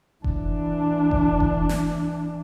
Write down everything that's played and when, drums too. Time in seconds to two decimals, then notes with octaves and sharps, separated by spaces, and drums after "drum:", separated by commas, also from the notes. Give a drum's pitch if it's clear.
0.24 E3 D4, drum: kick F1
1.11 drum: kick F1
1.40 drum: kick F1
1.69 drum: snare